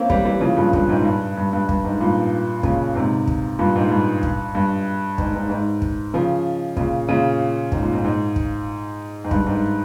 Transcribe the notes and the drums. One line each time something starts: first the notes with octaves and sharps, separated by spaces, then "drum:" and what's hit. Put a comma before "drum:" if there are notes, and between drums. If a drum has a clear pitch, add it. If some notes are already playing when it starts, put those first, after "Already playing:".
Already playing: A#3 C4 C#4 E4
E3 G3, drum: kick
E3 G3
C#3 F3
G2 A#2
G2 A#2, drum: kick
G#2
G2
G2
G2
G2, drum: kick
G#2
G2 A#2
A#2 C#3, drum: kick
G#2 C3
drum: kick
G2 A#2
G#2
G2
drum: kick
G2
G#2, drum: kick
G#2
G#2
drum: kick
C#3 F3
A#2 C#3, drum: kick
A#2 C#3
G#2, drum: kick
A#2
G#2
G#2
drum: kick
G#2
G2, drum: kick
G#2